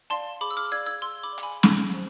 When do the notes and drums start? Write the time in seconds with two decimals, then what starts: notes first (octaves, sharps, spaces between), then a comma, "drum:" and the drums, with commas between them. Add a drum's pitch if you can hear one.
0.10 D5 F5 A5 C6
0.41 G#4 B5 D6
0.51 E6
0.57 D6 F6
0.72 D5 F5 E6 G#6
0.86 E6 G#6
1.02 G#4 C6 E6
1.23 B5 D6
1.32 D5
1.38 F5, drum: hi-hat
1.43 G#5 B5
1.63 G#4, drum: snare
1.94 C5